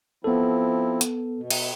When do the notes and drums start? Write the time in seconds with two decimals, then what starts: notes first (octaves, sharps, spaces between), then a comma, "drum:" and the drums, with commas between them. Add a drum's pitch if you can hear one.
0.24 F3 B3 C4 E4 A4
1.01 drum: hi-hat
1.38 B2
1.50 drum: cymbal